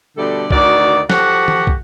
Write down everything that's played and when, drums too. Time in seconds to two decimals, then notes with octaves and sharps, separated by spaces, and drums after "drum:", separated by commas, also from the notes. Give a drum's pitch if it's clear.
0.17 B2 D3 G3 A3 A4 D5
0.50 D2 D#3 F#4 D5, drum: kick
1.10 F3 F#4 G4 A4 F#5, drum: snare
1.48 drum: tom
1.67 drum: kick